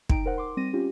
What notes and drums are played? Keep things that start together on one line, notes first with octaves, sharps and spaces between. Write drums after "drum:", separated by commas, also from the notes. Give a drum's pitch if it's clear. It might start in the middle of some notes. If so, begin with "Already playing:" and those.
D#4 G5 A#5 D7, drum: kick
A#4 C5 F#5
C6 D6
G3 C4 A#6 D#7
C#4 F4 G4